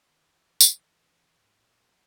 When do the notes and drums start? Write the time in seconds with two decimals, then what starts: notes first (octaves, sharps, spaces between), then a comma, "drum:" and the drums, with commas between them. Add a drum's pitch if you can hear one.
0.10 D#3
0.36 E3
0.61 E3, drum: tambourine
0.86 E3
1.12 E3
1.38 G#2
1.62 A#2
1.89 F#3